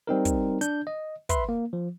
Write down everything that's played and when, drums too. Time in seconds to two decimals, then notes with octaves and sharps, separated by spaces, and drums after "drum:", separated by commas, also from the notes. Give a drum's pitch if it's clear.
0.07 G3 C4 D#4 A#4
0.25 drum: kick, hi-hat
0.61 D4 G6, drum: hi-hat
0.87 D#5
1.29 B4 E5 B5 C6, drum: kick, hi-hat
1.49 A#3
1.73 F3